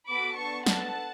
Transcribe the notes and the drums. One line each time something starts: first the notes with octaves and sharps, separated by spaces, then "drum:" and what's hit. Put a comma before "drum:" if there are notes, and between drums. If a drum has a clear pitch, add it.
B3 F#4 A4 B5 D6
B3 D4 A4 A5 C#6
B3 D4 A4 F#5 A5, drum: snare